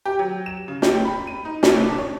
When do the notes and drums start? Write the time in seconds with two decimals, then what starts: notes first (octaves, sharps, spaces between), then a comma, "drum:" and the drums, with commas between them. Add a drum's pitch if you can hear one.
0.05 G4
0.19 F#3
0.46 E7
0.68 C#3
0.82 G4, drum: snare
1.05 B5
1.27 D#7
1.45 D#4
1.63 C2, drum: snare
1.84 D4
1.98 C#5